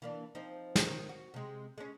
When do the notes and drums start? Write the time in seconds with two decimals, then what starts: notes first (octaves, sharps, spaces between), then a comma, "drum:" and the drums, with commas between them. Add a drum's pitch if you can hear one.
0.02 E3 A#3 D4
0.35 F3 C4 D#4
0.76 drum: snare
0.87 D#3
1.09 F#4
1.34 C3 G#3
1.78 G#3 C#4